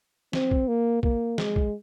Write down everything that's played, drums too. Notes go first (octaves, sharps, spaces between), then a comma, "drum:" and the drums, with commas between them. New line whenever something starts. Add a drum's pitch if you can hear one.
C4, drum: snare
drum: kick
A#3
A#3, drum: kick
G#3, drum: snare
drum: kick